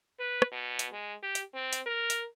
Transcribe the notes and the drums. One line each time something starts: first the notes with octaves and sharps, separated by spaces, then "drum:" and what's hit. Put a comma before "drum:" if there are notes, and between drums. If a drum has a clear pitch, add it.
B4
drum: rim click
B2
drum: hi-hat
G#3
G4
drum: hi-hat
C4
drum: hi-hat
A#4
drum: hi-hat